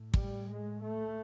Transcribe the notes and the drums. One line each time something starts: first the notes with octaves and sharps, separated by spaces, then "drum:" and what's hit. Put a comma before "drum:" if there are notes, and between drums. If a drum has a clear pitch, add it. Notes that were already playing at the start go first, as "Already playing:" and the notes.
Already playing: A2
G3, drum: kick
G#3
A3